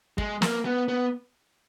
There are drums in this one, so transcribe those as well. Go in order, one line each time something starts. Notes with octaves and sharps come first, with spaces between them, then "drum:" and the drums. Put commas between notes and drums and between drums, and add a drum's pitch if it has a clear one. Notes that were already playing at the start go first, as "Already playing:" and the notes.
G#3, drum: kick
A#3, drum: snare
B3
B3